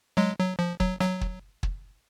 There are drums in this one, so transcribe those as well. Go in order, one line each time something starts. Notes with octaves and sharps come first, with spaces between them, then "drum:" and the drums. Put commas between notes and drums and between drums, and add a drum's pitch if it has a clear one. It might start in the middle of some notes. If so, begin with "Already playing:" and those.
F#3 G#3
F#3
F3
F#3, drum: kick
F#3, drum: snare
drum: kick
drum: kick